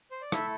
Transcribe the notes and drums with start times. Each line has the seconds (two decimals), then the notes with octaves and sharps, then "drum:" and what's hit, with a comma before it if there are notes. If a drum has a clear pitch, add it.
0.11 C5
0.22 D5
0.32 A3 E4 A4 E5, drum: rim click